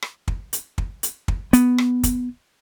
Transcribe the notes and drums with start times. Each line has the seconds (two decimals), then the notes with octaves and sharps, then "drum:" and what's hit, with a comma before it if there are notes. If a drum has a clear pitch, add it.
0.02 drum: rim click
0.28 drum: kick
0.53 drum: hi-hat
0.78 drum: kick
1.03 drum: hi-hat
1.28 drum: kick
1.53 B3, drum: hi-hat
1.78 drum: rim click
2.03 drum: kick, hi-hat